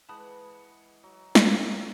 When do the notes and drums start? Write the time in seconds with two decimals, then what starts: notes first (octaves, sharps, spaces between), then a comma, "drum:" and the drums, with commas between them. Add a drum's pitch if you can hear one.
0.09 E3 G#3 F#5 A5 B5 D#6
1.03 F#3
1.35 drum: snare